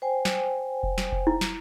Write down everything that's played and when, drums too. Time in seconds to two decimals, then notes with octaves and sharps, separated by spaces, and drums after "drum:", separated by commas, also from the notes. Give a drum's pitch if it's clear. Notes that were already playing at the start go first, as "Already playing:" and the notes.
0.02 C5 G5 G#5
0.25 drum: snare
0.83 drum: kick F1
0.98 drum: snare
1.12 drum: kick F1
1.27 E4
1.41 drum: snare